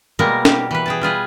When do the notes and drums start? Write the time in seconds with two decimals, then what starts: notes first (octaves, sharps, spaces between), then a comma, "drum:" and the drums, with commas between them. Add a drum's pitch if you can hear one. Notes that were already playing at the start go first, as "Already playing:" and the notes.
0.19 B2 G3 G#3 A#3 A#4
0.45 G4, drum: snare
0.71 E3 B4
0.86 G#4 G5 A5
1.01 G3 F4 G#4 B4